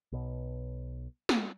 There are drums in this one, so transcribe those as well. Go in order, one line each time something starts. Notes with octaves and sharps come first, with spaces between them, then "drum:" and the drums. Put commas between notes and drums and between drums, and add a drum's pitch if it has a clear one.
B1 B2
drum: snare